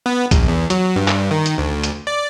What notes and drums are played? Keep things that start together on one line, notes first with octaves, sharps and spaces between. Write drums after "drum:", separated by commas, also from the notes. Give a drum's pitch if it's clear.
B3
A#1, drum: kick B1, hi-hat
E2
F#3, drum: hi-hat
G2
drum: clap
D#3
drum: hi-hat
D2
drum: hi-hat
D5